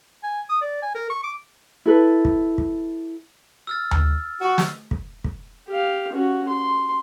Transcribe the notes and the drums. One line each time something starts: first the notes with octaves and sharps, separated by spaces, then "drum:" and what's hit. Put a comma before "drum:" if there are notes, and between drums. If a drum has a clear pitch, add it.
G#5
D#6
D5
G#5
A#4
C#6
D6
E4 A4 B4
drum: kick
drum: kick
E6 F6 A6
drum: tom D2
F#4
drum: snare
drum: kick
drum: kick
G4 F5
C#4 F#4
C6